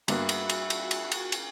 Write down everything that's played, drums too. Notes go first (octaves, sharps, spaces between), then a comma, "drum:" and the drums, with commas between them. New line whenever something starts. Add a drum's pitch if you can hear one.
G2 A#3 B3 F#4 E5 B5, drum: cymbal
drum: cymbal
drum: cymbal
drum: cymbal
drum: cymbal
drum: cymbal
drum: cymbal